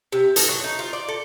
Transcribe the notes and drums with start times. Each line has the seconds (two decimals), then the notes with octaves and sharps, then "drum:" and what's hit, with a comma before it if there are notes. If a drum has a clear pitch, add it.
0.12 C3
0.36 A4, drum: hi-hat
0.48 F#3
0.64 D#4
0.79 F4
0.93 D5
1.08 A4